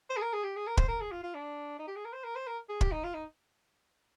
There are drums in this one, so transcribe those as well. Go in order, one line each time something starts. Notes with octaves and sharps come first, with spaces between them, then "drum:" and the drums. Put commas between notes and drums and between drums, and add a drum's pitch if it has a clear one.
C5
G#4
A#4
G#4
G4
G#4
A#4
C5, drum: kick
A#4
G#4
F4
F4
D4
D#4
G4
G#4
A#4
C5
A#4
C5
A#4
G#4
G4, drum: kick
D#4
F4
D#4